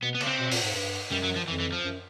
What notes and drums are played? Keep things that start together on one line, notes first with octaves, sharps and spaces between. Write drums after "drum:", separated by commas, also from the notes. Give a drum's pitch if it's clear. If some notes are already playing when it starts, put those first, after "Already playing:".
B2 B3
B3
C#3, drum: cymbal
C4
B2
A#2, drum: open hi-hat
G#2
G2
F#2 G3
F#3
F3
F2 E3
E3
F3
F#2